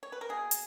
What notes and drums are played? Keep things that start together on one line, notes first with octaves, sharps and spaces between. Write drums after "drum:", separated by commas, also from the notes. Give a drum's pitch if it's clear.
C#5
B4
A#4
B2 A#3 G#4
drum: hi-hat